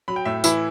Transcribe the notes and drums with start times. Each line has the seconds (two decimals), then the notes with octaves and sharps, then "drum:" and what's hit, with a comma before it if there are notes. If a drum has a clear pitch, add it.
0.08 F#3 B5
0.16 G5
0.25 A2 E5
0.44 E3 E4, drum: tambourine